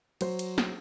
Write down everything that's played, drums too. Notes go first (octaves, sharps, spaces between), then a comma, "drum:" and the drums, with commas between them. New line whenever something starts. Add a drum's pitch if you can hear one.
F#3 C5, drum: cymbal
drum: cymbal
drum: snare